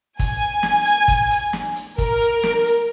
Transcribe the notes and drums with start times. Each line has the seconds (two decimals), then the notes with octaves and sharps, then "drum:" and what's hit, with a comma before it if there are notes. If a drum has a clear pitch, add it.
0.19 G#5, drum: kick, hi-hat
0.63 drum: snare
0.85 drum: hi-hat
1.08 drum: kick, hi-hat
1.31 drum: hi-hat
1.53 drum: snare
1.76 drum: hi-hat
1.98 A#4, drum: kick, hi-hat
2.21 drum: hi-hat
2.44 drum: snare
2.66 drum: hi-hat